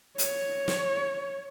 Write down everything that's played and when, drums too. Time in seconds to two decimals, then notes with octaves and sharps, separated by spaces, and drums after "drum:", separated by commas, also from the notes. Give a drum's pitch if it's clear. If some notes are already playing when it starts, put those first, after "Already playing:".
0.18 C#5, drum: hi-hat
0.68 drum: snare